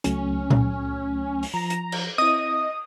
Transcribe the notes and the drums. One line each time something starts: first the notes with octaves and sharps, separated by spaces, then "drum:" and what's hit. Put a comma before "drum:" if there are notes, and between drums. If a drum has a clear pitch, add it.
C#2 F#3 A3 C#4, drum: hi-hat
drum: tom A#2
drum: open hi-hat
F3 A#5 A#6
drum: hi-hat
drum: cymbal
C4 E4 D#5 D#6